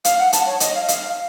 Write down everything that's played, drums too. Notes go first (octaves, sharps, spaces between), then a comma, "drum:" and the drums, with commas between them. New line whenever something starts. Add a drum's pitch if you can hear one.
F5, drum: hi-hat
F#5
A5, drum: hi-hat
C#5
D#5, drum: hi-hat
F5
D#5
F5, drum: hi-hat